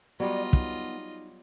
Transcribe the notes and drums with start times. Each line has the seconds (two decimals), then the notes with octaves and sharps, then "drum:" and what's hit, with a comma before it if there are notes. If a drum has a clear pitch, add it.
0.20 F#3 G3 B3 F4 D5 D#5
0.53 D#4, drum: kick